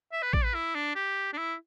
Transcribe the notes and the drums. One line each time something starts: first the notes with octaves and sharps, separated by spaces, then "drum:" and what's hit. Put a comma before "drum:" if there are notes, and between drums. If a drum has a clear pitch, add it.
E5
B4
D5, drum: kick A1
B4
E4
D4
G4
D4
E4